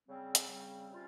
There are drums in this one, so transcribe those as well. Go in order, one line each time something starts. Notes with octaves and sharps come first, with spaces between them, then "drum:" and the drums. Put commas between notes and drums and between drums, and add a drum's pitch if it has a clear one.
C#3 G3 C4
drum: hi-hat
C#3 G3 C4
C3 G3 C#4 F4